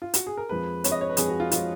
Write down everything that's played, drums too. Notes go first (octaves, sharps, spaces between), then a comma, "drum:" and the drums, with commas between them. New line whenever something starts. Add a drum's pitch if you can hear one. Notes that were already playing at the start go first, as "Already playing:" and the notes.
F4
F#4, drum: hi-hat
G#4
A#4
F2 F3 G#3 B4
F2 F3 G#3 C#5, drum: hi-hat
D#5
C#5
B4
F2 F3 G#3 G#4, drum: hi-hat
F#4
F4
F3 G#3 F4, drum: hi-hat